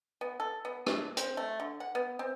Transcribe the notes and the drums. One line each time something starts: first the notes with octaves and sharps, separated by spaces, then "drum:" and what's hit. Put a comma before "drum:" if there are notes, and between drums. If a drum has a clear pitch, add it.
B3
A4
B3
D4, drum: rim click
C4, drum: hi-hat
A3
D3
F#5
B3
C4